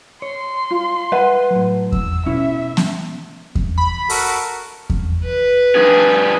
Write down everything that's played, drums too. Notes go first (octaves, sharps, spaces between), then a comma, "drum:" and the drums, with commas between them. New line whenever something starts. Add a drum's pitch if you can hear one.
C#5 C6
F4
B4 E5 F#5 G#5 A5
A2 F#3
E6, drum: kick E2
B2 C#4 E4 E5
drum: snare B3
drum: kick E2
B5
F#4 A4 A#4, drum: open hi-hat
drum: kick E2
B4
G2 G#4